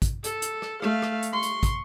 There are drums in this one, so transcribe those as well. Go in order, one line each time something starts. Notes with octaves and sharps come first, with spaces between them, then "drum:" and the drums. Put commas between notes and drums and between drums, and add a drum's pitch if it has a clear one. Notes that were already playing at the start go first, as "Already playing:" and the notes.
drum: kick, hi-hat
A4, drum: hi-hat
drum: hi-hat
drum: rim click
A3 F5, drum: rim click
drum: rim click
drum: hi-hat
C6 C#6
drum: hi-hat
drum: kick, hi-hat